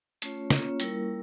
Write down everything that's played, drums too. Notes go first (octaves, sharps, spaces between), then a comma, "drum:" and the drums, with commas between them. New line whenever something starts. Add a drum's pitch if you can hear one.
A3 C#4 F4 C#5, drum: hi-hat
A#3 C#4 F4 C#5, drum: snare
G3 A#3 E4 A#4, drum: hi-hat